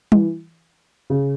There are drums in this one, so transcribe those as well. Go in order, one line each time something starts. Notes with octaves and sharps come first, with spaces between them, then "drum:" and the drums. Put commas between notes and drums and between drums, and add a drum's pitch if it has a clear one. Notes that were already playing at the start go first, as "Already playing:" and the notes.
E3, drum: tom G3
C#3